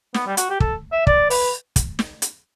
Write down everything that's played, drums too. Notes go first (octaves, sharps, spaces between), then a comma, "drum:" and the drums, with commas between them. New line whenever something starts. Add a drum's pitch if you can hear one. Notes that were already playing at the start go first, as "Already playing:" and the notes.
B3, drum: snare
G3
F#4, drum: hi-hat
G4
A4, drum: kick
E5
D5, drum: kick
B4, drum: open hi-hat
drum: kick, hi-hat
drum: snare
drum: hi-hat